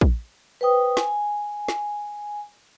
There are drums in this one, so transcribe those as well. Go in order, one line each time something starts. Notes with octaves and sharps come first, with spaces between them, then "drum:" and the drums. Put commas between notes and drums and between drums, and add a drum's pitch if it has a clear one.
drum: kick
B4 C5 G5 D#6
G#5, drum: snare
drum: snare